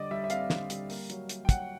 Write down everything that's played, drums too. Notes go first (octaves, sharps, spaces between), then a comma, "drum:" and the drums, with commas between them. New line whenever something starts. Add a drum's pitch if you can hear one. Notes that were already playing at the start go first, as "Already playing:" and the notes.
Already playing: D3 G3 D5 D#5
G3 E5
E5
C4 F5, drum: hi-hat
D3, drum: snare
G3, drum: hi-hat
A#3, drum: open hi-hat
F#3, drum: hi-hat
A#3, drum: hi-hat
G5
F#3 F#5, drum: kick, hi-hat